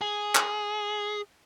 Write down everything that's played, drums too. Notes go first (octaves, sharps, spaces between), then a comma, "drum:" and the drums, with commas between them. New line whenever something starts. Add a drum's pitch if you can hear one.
G#4
drum: clap